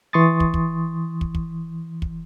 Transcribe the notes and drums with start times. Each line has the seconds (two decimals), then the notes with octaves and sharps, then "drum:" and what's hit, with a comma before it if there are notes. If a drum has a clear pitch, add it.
0.13 E3 C6 C#6 D#6 A6
0.40 drum: kick
0.54 drum: kick
1.21 drum: kick
1.35 drum: kick
2.02 drum: kick